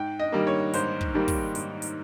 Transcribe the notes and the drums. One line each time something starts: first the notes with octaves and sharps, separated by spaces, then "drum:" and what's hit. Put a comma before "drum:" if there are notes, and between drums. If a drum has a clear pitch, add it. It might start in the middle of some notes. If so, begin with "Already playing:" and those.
Already playing: G#2 G5
D#5
D#3 G3 A#3
C#5
G#2 C5, drum: hi-hat
drum: kick
D#3 G3 A#3
drum: kick, open hi-hat
G#2, drum: hi-hat
drum: hi-hat